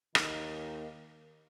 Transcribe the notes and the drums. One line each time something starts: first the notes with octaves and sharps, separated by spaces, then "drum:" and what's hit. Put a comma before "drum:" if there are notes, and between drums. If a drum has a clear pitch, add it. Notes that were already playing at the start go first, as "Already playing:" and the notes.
D#2 D#3 A#3 D#4, drum: rim click